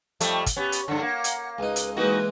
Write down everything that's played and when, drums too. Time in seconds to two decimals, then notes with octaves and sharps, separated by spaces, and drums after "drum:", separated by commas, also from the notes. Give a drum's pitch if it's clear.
0.20 F2 G3 A3, drum: hi-hat
0.46 drum: kick, hi-hat
0.56 B3 C#4 G4
0.72 drum: hi-hat
0.88 G2 D3 F#5
1.01 A#3
1.24 drum: hi-hat
1.58 C#2 D#4 B4
1.76 drum: hi-hat
1.97 E3 G#3 A#3 D#4 F#4 B4